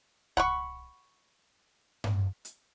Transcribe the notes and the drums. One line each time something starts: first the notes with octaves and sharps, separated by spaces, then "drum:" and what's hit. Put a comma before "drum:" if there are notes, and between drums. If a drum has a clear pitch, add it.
F#5 B5 C#6, drum: kick C2
drum: tom G2
drum: hi-hat